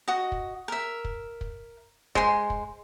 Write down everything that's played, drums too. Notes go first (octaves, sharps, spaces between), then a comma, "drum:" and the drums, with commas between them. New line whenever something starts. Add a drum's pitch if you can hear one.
F#4 D#5
drum: kick
A#4 E5
drum: kick
drum: kick
G#3 C5 C6, drum: kick
drum: kick